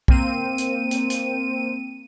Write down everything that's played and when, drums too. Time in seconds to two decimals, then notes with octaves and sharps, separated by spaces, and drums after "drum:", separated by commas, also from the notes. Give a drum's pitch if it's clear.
0.08 A#3 C4 D#7, drum: kick
0.58 drum: hi-hat
0.91 drum: hi-hat
1.10 drum: hi-hat